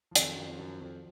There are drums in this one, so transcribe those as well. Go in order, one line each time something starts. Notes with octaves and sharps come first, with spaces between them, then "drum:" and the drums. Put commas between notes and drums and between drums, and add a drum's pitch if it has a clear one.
F3
F2 D#3 F#3, drum: hi-hat
F#2 F3
F2
F#2 F3
F2 F3